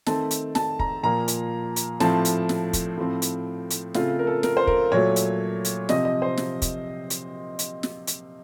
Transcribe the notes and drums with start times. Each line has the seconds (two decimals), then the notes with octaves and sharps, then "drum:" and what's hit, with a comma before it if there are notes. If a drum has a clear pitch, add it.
0.06 D#3 A3 C4 A5, drum: snare
0.31 drum: hi-hat
0.55 A5, drum: snare
0.79 A#5, drum: kick
1.03 A#2 F3 A#3 A#5
1.28 drum: hi-hat
1.76 drum: hi-hat
2.00 A2 F3 A3 C4 A5, drum: snare
2.25 drum: hi-hat
2.49 drum: snare
2.73 drum: kick, hi-hat
2.97 A2 F3 C4
3.22 drum: hi-hat
3.71 drum: hi-hat
3.94 C#3 A3 C4 F4, drum: snare
4.19 A#4
4.27 A4
4.43 A#4, drum: snare
4.57 C5
4.67 A#4, drum: kick
4.92 A#2 F#3 A3 C#5
5.16 drum: hi-hat
5.65 drum: hi-hat
5.89 C3 F3 C4 D#5, drum: snare
6.05 D#5
6.22 C5
6.38 drum: snare
6.62 drum: kick, hi-hat
7.10 drum: hi-hat
7.59 drum: hi-hat
7.83 drum: snare
8.07 drum: hi-hat